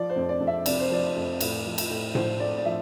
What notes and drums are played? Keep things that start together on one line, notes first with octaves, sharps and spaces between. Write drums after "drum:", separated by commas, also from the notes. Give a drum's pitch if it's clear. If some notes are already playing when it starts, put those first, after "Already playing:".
Already playing: F3 D5
C5
F2
D5
F2
E5
C3 D5, drum: cymbal
C5
F3 D5
F2
A2, drum: cymbal
F3
drum: cymbal
A2
F3 C5, drum: tom A2
A2 D5
D5
F3 E5